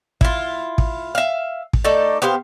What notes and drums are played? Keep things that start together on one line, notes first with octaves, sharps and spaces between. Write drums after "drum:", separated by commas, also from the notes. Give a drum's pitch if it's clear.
E4 F4, drum: kick
drum: kick
E5 F5
drum: kick
A3 D#4 A4 D5
B3 G4 C5 F5